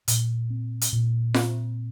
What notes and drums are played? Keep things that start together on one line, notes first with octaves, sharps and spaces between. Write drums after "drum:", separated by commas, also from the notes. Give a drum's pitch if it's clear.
A#2, drum: hi-hat
C4
drum: hi-hat
A#2
C4, drum: snare F4